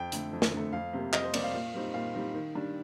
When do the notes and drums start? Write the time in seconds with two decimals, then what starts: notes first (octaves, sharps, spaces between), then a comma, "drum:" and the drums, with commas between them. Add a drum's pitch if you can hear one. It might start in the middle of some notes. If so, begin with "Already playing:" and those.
Already playing: F2 G5
0.12 D3 A3, drum: hi-hat
0.33 F2
0.42 drum: snare
0.53 D3 A3
0.73 F2 F5
0.93 C3 G3 A#3
1.13 F2 D#5, drum: clap
1.23 C5
1.34 C3 G3 A#3 D5, drum: cymbal
1.44 F5
1.54 A#2
1.74 G3 C4 D#4
1.94 A#2 F5
2.15 G3 C4 D#4
2.35 D#3
2.55 G3 D4